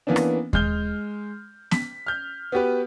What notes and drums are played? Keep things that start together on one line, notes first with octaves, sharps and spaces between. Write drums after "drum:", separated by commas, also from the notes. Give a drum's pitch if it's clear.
E3 A#3 B3 C#4 D4
drum: rim click
G#3 F6 G6 G7, drum: kick D#2
B6, drum: snare B3
F6 G6
B3 F#4 G4 B4